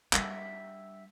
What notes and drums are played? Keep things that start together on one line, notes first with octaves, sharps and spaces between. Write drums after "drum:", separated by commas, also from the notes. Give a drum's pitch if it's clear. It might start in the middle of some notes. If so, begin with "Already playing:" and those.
G3 D4 E5 F#5 G5, drum: clap